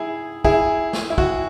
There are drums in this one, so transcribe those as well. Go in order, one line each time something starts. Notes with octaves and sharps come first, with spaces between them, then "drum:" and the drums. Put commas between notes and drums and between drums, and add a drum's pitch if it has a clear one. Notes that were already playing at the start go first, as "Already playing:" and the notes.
Already playing: E4 G#4
E4 G#4, drum: kick
drum: snare
E4
F#4, drum: kick